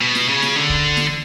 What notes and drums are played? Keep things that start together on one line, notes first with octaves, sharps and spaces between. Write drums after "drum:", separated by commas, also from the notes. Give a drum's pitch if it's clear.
B2
drum: snare
C#3
drum: snare
D3
drum: kick
drum: snare